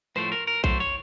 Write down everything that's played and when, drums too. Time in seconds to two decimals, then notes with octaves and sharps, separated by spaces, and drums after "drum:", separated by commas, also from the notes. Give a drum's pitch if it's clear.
0.16 A2 F3 A3 C5, drum: rim click
0.32 A#4
0.47 A#4
0.64 A2 F#3 A3 C5, drum: kick A#1
0.80 C#5